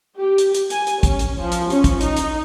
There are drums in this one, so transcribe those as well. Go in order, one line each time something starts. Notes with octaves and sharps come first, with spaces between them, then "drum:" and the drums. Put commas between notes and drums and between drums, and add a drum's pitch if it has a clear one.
G4
drum: hi-hat
drum: hi-hat
G#5, drum: hi-hat
drum: hi-hat
C#4, drum: kick, hi-hat
drum: hi-hat
F3
drum: hi-hat
C#4, drum: hi-hat
drum: kick, hi-hat
D#4, drum: hi-hat
drum: hi-hat